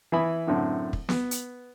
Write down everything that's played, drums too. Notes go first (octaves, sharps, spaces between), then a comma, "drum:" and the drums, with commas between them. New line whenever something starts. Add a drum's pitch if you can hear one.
E3 E4 G#5 B5 D#6
F#2 A2 D3 C4 E4
drum: kick
B3, drum: snare
drum: hi-hat